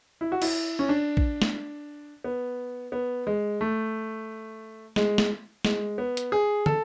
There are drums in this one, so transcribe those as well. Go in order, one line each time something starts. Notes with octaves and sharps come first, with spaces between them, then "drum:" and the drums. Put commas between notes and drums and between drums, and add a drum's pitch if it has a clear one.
E4
F#4
E4, drum: cymbal
C#4
D4
drum: kick A#1
drum: snare
B3
B3
G#3
A3
G#3, drum: snare
drum: snare
G#3, drum: snare
B3
drum: hi-hat
G#4
A4, drum: tom